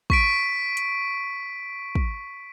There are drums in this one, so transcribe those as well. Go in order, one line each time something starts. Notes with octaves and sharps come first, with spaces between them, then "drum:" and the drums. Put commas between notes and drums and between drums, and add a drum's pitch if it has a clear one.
C#6 B6 D7, drum: kick
drum: hi-hat
drum: kick